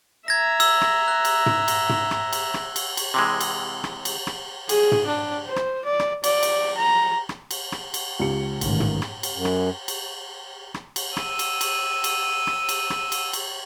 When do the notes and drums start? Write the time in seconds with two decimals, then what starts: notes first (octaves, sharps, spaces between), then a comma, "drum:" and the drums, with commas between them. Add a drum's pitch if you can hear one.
0.28 E5 A#5 G#6 A#6
0.60 E6, drum: cymbal
0.81 drum: rim click
1.08 F#6
1.25 drum: cymbal
1.46 drum: tom
1.68 drum: cymbal
1.89 drum: tom
2.11 drum: rim click
2.33 drum: cymbal
2.54 drum: rim click
2.76 drum: cymbal
2.97 drum: cymbal
3.14 C3 E3 G#3
3.40 drum: cymbal
3.84 drum: rim click
4.05 drum: cymbal
4.27 drum: rim click
4.69 G#4, drum: cymbal
4.92 drum: tom
5.07 D4
5.47 C5
5.56 drum: rim click
5.85 D5
6.00 drum: rim click
6.24 D5, drum: cymbal
6.43 drum: cymbal
6.78 A#5
7.29 drum: rim click
7.51 drum: cymbal
7.72 drum: rim click
7.94 drum: cymbal
8.20 C#2 G4 C#7
8.61 A1 G#2 D#3, drum: cymbal
8.80 drum: tom
9.02 drum: rim click
9.23 drum: cymbal
9.32 F#2
9.45 drum: rim click
9.88 drum: cymbal
10.74 drum: rim click
10.96 drum: cymbal
11.17 E6 D#7, drum: rim click
11.39 drum: cymbal
11.61 drum: cymbal
12.04 drum: cymbal
12.47 drum: rim click
12.69 drum: cymbal
12.90 drum: rim click
13.12 drum: cymbal
13.33 drum: cymbal